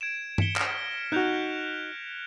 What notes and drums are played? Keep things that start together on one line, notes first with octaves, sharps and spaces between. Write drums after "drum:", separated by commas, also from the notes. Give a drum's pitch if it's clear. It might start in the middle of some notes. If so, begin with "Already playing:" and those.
G#6 D7 E7
B6 C#7 G7, drum: tom G2
F6 A#6 D7, drum: clap
D#4 F#4 F#6 G6 F7